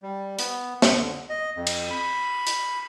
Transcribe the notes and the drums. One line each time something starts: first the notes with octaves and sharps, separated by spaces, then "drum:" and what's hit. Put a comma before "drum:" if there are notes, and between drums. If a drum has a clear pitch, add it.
G3
B3, drum: hi-hat
D3, drum: snare
D#5
F2
drum: cymbal
B5
drum: hi-hat